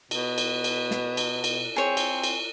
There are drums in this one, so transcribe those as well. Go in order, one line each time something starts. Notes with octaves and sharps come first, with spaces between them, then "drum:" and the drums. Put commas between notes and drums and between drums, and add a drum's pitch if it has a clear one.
B2, drum: cymbal
drum: cymbal
drum: cymbal
drum: snare
drum: cymbal
drum: cymbal
C4 G#4 C#5
drum: cymbal
drum: cymbal